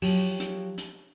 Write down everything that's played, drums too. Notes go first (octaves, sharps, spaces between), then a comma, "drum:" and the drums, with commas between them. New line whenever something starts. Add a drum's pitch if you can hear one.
F3 F#3 G4, drum: open hi-hat
drum: hi-hat
drum: hi-hat